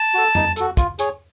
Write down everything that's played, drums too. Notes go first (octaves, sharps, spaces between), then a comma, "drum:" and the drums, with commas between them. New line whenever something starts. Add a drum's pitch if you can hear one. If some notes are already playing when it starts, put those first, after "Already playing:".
Already playing: A5
F#4 A4
D#4, drum: tom F2
F#4 A4, drum: hi-hat
F4, drum: kick, hi-hat
G#4 C#5, drum: hi-hat